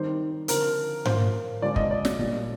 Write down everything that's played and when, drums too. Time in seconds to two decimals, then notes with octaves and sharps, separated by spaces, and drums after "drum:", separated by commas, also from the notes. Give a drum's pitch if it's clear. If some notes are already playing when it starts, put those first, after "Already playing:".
Already playing: D#3 G3 C4 D#4 C5
0.48 D3 F3 C4 A#4, drum: hi-hat
1.05 F3 A#3 F4 C5, drum: tom G#2
1.62 D3 F3 G#3 C4 F4 D5
1.76 D#5, drum: kick
1.91 D5
2.05 D5, drum: snare
2.18 A#2 G3 D4